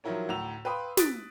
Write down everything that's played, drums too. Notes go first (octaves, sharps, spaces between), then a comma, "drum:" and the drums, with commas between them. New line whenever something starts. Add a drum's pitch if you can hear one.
D#3 F3 F#3 E4 A#4 C#5
D2 A2 A#5 E6 F7
B4 F5 G5 B5 C6 D#6
D#6 F#6 A6 B6 D7, drum: snare